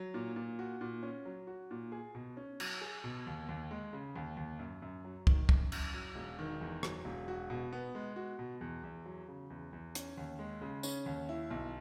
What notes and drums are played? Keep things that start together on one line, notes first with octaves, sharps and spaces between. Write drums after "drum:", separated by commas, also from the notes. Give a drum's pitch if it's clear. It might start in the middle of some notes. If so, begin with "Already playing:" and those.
Already playing: F#3
A#2
A#2
F#4
A#2
C#4
F#3
F#4
A#2
G#4
B2
C#4
F#3, drum: cymbal
G#4
B2
D#2
D#2
G#3
C#3
D#2
D#2
F#2
F#2
F#3
D#3, drum: kick
F#2, drum: kick
F#2, drum: cymbal
F#3
E1
D#3
E2
F#3, drum: rim click
E1
F#4
B2
B3
G#3
F#4
B2
E2
E2
F#3
C#3
E2
E2
C#4, drum: hi-hat
D#2
G#3
C#3
C#4, drum: tambourine
D#2
E4
B1